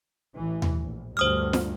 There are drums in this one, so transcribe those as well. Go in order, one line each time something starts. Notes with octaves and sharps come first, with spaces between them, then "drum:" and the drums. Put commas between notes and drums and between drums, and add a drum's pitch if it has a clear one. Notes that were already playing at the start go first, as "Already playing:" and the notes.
A1 E3
drum: tom D#2
A#1
D2 G2 C5 D#6 F6
drum: snare